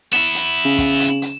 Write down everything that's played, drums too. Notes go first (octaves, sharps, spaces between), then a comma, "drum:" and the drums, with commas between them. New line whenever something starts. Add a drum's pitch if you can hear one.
B3 E4 E7, drum: hi-hat
drum: hi-hat
C#3
drum: kick, hi-hat
drum: hi-hat
drum: hi-hat